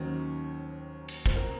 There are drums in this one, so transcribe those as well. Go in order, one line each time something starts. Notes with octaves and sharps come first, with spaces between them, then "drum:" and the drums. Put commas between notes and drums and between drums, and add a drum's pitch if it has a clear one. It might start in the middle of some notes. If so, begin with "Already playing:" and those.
Already playing: D#2 D#3 F#3 C#4 C5
drum: cymbal
C5, drum: kick
A#4